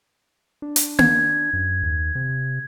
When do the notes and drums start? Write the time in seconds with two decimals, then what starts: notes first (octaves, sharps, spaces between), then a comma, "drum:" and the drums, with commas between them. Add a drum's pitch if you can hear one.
0.62 D4
0.76 drum: hi-hat
0.99 G#6, drum: tom A#3
1.53 F#2
1.83 D#2
2.15 C3